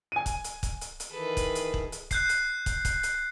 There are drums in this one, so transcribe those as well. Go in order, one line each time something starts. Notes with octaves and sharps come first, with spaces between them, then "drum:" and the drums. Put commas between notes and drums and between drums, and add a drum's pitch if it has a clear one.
G#5 D#7
drum: kick, hi-hat
drum: hi-hat
drum: kick, hi-hat
drum: hi-hat
drum: hi-hat
D#3 E3 G#4 A4 B4
drum: kick, hi-hat
drum: hi-hat
drum: kick
drum: hi-hat
F#6 G6 C7, drum: kick, hi-hat
drum: hi-hat
drum: kick, hi-hat
drum: kick, hi-hat
drum: hi-hat